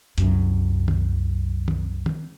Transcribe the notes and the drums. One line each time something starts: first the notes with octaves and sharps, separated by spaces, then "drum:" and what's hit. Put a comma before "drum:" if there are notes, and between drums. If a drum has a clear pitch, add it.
C2 F#2, drum: hi-hat
drum: tom
drum: tom
drum: tom